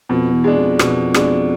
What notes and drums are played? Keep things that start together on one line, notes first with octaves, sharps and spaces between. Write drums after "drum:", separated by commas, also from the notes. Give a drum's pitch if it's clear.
F2 B2
E2
G#3 D4
F2
B2, drum: rim click
G#3 D4, drum: rim click